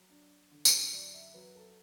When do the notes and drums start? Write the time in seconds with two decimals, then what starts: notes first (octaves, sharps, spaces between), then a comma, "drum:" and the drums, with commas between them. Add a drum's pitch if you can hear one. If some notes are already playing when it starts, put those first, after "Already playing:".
Already playing: F#3
0.10 D4
0.51 D3
0.65 drum: tambourine
0.93 F#2 D5
1.14 E5
1.34 F#3 B4
1.55 A4